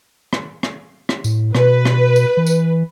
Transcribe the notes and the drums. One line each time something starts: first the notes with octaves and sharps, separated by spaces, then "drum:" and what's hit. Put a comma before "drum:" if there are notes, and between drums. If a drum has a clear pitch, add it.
drum: rim click
drum: rim click
drum: rim click
A2, drum: tambourine
B2 B4, drum: rim click
drum: rim click
drum: tambourine
E3
drum: tambourine